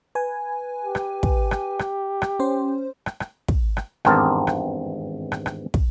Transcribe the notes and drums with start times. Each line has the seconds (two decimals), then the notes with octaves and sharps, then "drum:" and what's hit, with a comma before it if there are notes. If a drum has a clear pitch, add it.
0.15 B4 G#5
0.85 G4
0.95 drum: rim click
1.23 drum: kick
1.51 drum: rim click
1.79 drum: rim click
2.22 drum: rim click
2.39 C#4 C5
3.06 drum: rim click
3.20 drum: rim click
3.48 drum: kick
3.77 drum: rim click
4.05 G#1 E2 G2 C4 A#4 A5, drum: rim click
4.47 drum: rim click
5.32 drum: rim click
5.46 drum: rim click
5.74 drum: kick